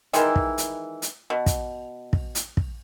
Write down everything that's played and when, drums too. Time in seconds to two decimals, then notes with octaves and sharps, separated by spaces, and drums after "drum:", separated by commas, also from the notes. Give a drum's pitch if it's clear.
0.13 D#3 E3 G#3 E4, drum: hi-hat
0.36 drum: kick
0.58 drum: hi-hat
1.02 drum: hi-hat
1.30 B2
1.46 drum: kick, hi-hat
2.13 drum: kick
2.35 drum: hi-hat
2.57 drum: kick